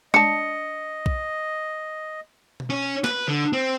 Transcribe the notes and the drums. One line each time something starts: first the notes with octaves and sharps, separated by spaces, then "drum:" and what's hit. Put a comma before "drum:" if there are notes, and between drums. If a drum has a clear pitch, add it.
D4 D#5 A5 C#7, drum: tom G#3
drum: kick B1
drum: tom B2
C#4
B4, drum: snare
D3
C4